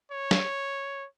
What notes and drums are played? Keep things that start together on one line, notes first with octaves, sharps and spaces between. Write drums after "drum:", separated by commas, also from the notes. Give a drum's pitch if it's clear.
C#5
drum: snare